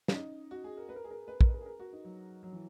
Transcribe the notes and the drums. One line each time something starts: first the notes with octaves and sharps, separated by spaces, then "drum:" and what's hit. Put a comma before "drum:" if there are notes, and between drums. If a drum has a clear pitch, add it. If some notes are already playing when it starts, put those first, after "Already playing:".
C#4, drum: snare
D#4
F#4
G#4
A#4
B4
A#4
G#4
A#4
B4
A#4, drum: kick
B4
A#4
G#4
A#4
F#4
D#4
F#3
F#3
E3